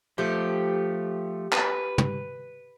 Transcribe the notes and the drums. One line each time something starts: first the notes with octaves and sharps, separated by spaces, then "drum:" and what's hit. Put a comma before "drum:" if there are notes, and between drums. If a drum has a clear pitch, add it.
F3 A3 G4
B4, drum: clap
drum: tom